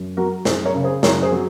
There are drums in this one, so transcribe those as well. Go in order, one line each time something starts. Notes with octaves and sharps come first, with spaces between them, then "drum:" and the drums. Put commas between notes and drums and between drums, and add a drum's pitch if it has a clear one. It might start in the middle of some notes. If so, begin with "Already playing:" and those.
Already playing: F#2
F#3 F#4 A#4
F#2 G#4 C5, drum: snare
A#4 C#5
C#3
G#4 C5
F#2 A#4 C#5, drum: snare
G#4 C5
F#3